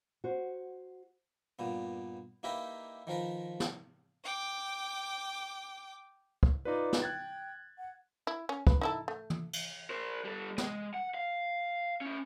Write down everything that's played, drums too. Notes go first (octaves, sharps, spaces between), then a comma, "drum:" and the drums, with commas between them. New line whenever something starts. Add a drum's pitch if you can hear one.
F#4 C5
G2 A#2 B3
A#3 D#4 E4 G4 A#4 B4
D#3 F3 A#4 B4
drum: snare
G5 D6
drum: kick
D#4 F4 B4 D5
drum: snare
G5 F#6 G#6 A6
F#5
E4
C#4
B4, drum: kick
D#4 E4 A4
A3
drum: tom
drum: cymbal
A#4 C5
G3 A4
G#3, drum: snare
F#5
F5
C#4 E4